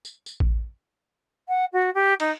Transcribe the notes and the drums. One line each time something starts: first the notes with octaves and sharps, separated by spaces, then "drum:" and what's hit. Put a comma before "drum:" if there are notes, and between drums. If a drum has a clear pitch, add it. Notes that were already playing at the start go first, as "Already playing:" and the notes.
drum: tambourine
drum: tambourine
drum: kick A1
F#5
F#4
G4
D#4, drum: cymbal